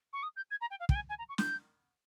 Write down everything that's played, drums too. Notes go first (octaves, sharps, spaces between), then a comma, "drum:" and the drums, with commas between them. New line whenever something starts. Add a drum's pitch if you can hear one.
C#6
D#6
G6
G#6
A#5
G5
F5
G5, drum: kick
G#5
G#5
A#5
C#6
G6, drum: snare